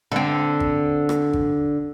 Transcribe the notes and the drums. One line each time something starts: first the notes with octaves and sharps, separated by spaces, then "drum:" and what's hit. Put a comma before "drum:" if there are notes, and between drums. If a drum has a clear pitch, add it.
D3 C4
drum: kick G#1
drum: rim click
drum: kick G#1